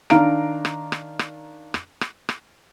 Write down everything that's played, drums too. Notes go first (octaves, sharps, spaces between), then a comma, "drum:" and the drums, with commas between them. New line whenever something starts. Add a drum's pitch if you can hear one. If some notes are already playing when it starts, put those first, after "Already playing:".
D#3 D4 F5 A#5 D7, drum: rim click
drum: rim click
drum: rim click
drum: rim click
drum: rim click
drum: rim click
drum: rim click